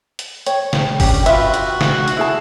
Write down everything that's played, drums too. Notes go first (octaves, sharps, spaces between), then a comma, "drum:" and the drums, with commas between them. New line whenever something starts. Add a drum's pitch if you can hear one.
drum: hi-hat
C#5 G5, drum: hi-hat
drum: snare
C#4 D4 G4, drum: kick, open hi-hat
F4 F#4 B4 E5, drum: hi-hat
drum: hi-hat
drum: snare
drum: hi-hat
E4 G#4 A5